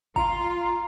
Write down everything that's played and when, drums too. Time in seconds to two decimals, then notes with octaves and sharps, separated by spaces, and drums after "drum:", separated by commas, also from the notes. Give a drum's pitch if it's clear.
0.16 F4 A#5, drum: kick